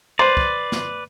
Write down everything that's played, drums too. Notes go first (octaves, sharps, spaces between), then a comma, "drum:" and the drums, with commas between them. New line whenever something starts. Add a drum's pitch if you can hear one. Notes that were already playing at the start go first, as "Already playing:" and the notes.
B4 C5 D5
drum: kick
drum: snare